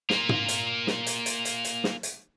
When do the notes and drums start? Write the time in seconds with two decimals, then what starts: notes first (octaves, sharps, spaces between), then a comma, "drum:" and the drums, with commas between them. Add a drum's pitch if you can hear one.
0.10 A#3 F4, drum: snare
0.29 drum: tom
0.48 drum: hi-hat
0.87 drum: snare
1.07 drum: hi-hat
1.26 drum: hi-hat
1.45 drum: hi-hat
1.65 drum: hi-hat
1.84 drum: snare
2.03 drum: hi-hat